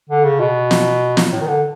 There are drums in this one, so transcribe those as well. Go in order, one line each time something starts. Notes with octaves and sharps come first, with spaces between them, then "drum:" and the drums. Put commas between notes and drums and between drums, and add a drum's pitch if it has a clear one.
D3
C#3
B2
drum: snare
drum: snare
A2
D#3
D3